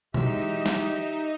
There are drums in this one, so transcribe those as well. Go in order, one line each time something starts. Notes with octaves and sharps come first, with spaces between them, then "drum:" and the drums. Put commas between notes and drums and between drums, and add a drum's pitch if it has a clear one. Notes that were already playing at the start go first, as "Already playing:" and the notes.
E3 F#3 G#3 D#4 G4 E5, drum: tom B2
drum: snare